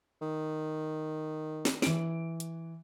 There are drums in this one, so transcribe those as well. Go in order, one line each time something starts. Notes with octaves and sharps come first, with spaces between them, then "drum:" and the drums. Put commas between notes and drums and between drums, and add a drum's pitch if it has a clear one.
D#3
drum: snare
E3 D7, drum: snare
drum: hi-hat